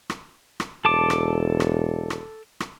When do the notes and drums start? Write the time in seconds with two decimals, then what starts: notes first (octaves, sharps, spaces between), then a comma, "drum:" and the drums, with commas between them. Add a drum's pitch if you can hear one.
0.10 drum: rim click
0.60 drum: rim click
0.85 E1 A4 A5 D6
1.10 drum: rim click
1.60 drum: rim click
2.10 drum: rim click
2.60 drum: rim click